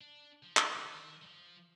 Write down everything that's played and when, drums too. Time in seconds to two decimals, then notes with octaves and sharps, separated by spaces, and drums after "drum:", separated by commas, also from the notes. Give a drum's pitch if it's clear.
0.01 D4
0.43 F3
0.57 drum: clap
0.76 D3
0.85 D#3
1.22 G3
1.26 F3